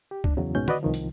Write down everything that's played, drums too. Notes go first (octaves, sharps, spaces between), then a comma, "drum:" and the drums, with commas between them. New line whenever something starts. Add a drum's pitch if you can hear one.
G4
D4, drum: kick
E2 C#3 F#3
C2 G#2 B2 C#4 G6
F#4 B4 D5 D#5, drum: tom D3
C2 D#3 F3
drum: hi-hat